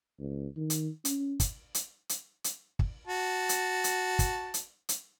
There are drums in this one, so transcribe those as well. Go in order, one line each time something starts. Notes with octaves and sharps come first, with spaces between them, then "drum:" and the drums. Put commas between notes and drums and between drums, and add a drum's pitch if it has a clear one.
C#2
D#3
drum: hi-hat
C#4, drum: hi-hat
drum: kick, hi-hat
drum: hi-hat
drum: hi-hat
drum: hi-hat
drum: kick
F#4 A5
drum: hi-hat
drum: hi-hat
drum: kick, hi-hat
drum: hi-hat
drum: hi-hat